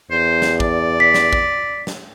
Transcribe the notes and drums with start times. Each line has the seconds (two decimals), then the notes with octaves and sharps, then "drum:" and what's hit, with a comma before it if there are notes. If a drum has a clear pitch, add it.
0.11 E2 C5
0.42 drum: snare
0.60 D5, drum: kick
1.00 B6
1.14 drum: snare
1.33 drum: kick
1.87 drum: snare